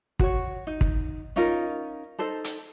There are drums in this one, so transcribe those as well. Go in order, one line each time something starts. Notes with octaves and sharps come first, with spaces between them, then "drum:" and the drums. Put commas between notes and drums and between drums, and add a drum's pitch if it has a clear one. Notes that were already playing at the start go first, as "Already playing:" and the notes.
F#4 C#5, drum: kick
D#4
drum: kick
C#4 D#4 F4 A#4
D#4 A4 C5
drum: hi-hat